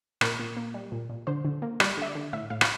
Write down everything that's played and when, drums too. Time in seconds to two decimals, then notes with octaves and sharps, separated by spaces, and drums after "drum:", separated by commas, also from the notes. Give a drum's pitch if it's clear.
0.21 A#2 A#4, drum: rim click
0.39 A#2
0.57 A#3
0.74 G3
0.92 A#2
1.10 A#2
1.27 D3 C5
1.45 D3
1.62 A#3
1.80 G3 D5, drum: rim click
1.97 D3 E5
2.06 D5
2.15 D3
2.33 A2 E5
2.50 A2 F5
2.61 F5, drum: rim click